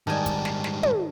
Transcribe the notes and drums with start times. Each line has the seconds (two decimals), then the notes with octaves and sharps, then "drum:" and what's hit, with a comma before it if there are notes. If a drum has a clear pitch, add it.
0.07 G#2 D#3 G3 D5 G#5 A5
0.26 drum: kick, hi-hat
0.45 drum: snare
0.64 drum: snare
0.83 drum: tom